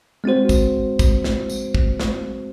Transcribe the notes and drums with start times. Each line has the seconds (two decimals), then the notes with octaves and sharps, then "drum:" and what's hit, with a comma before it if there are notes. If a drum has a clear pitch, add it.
0.24 G#3 C4 F#4 C5
0.49 drum: kick, tambourine
0.99 drum: kick, tambourine
1.24 drum: snare
1.49 drum: tambourine
1.75 drum: kick
2.00 drum: snare